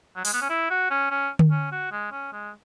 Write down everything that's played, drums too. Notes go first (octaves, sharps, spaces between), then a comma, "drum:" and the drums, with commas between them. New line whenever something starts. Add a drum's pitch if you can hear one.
F#3
G#3, drum: open hi-hat
B3
C#4
E4
F#4
C#4
C#4
drum: tom D3
C#4
F#4
G#3
C#4
G#3